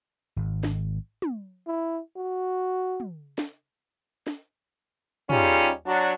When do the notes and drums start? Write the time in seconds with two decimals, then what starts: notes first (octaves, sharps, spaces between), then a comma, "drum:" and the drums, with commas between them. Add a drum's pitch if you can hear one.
0.36 G#1
0.63 drum: snare
1.22 drum: tom
1.67 E4
2.16 F#4
3.00 drum: tom
3.38 drum: snare
4.27 drum: snare
5.30 G3 C#4 D#4 F4 G4 G#4, drum: tom
5.87 F#3 D4 F#4